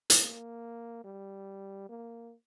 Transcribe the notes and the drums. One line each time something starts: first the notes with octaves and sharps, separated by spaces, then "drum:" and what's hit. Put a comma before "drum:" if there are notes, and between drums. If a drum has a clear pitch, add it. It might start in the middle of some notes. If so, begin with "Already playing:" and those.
drum: hi-hat
A#3
G3
A#3